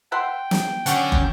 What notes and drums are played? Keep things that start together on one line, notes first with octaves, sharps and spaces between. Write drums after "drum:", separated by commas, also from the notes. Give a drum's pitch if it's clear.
E5 F#5 G5 C6
drum: snare
D3 F#3 C#4 C#5 F#5 G6, drum: hi-hat
drum: kick